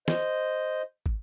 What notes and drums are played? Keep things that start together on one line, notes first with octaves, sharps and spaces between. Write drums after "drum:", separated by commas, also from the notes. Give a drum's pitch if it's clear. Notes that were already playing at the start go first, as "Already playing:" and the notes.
C5 D#5, drum: snare
drum: kick